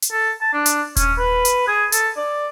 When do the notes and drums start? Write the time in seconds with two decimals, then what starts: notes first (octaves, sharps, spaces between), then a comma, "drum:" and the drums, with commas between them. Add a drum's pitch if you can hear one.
0.02 drum: hi-hat
0.12 A4
0.41 A5
0.53 D4
0.66 drum: hi-hat
0.96 C#4, drum: kick D#1, hi-hat
1.18 B4
1.45 drum: hi-hat
1.68 G#4
1.92 A4, drum: hi-hat
2.17 D5